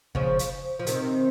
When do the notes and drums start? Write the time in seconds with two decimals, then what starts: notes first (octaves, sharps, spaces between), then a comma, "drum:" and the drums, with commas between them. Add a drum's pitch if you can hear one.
0.15 C#3 F3, drum: kick
0.39 drum: hi-hat
0.79 F3
0.87 C3 D#3, drum: hi-hat